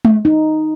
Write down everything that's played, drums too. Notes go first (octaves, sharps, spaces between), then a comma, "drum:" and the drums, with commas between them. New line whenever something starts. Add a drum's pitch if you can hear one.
drum: tom G#3
D#4